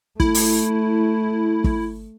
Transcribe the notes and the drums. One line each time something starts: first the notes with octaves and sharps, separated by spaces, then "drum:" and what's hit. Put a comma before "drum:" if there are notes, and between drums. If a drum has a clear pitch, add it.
A3 E4, drum: kick
drum: open hi-hat
drum: kick